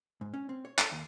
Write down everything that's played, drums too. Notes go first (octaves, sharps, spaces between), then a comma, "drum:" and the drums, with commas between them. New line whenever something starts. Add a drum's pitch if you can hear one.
G#2
C#4
C4
C#5
A4, drum: clap
D#2